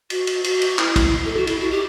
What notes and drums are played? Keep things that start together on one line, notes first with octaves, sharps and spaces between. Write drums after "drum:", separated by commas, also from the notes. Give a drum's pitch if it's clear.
F#4, drum: cymbal
drum: cymbal
F#4, drum: cymbal
drum: cymbal
E4, drum: clap
drum: kick, cymbal
A4
F#4
E4, drum: cymbal
F#4
G4